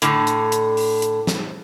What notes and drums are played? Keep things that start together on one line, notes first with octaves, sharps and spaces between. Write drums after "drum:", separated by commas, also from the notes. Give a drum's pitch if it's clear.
A2 D3, drum: hi-hat
drum: hi-hat
drum: hi-hat
drum: open hi-hat
drum: hi-hat
drum: snare